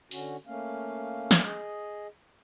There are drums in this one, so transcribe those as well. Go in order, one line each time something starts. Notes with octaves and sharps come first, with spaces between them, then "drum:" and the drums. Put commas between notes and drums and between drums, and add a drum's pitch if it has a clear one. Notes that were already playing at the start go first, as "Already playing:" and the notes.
D3 C#4 F#4, drum: open hi-hat
A3 A#3 C#4 F5
drum: snare
G#4 D#5